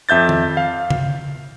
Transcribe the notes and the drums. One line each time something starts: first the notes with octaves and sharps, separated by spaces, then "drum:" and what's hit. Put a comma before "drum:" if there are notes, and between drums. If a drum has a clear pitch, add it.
F2 E5 G6 A6
drum: tom D#3
F5
drum: tom C#3